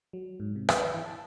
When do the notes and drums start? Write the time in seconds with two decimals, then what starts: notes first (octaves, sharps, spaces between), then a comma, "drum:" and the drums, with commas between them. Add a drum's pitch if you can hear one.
0.13 F#3
0.40 G#2
0.56 C3
0.69 B4, drum: rim click
0.94 E3
1.06 A5